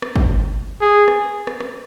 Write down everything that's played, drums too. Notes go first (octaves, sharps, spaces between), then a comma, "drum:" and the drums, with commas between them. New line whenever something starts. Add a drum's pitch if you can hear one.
drum: rim click
drum: kick
G#4
drum: rim click
drum: rim click
drum: rim click